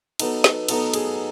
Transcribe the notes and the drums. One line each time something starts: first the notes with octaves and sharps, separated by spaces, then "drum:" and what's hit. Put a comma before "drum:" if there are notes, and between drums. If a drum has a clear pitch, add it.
F#3 B3 D#4 A4, drum: cymbal
drum: snare
F#3 B3 D#4 A4, drum: cymbal
G#4, drum: cymbal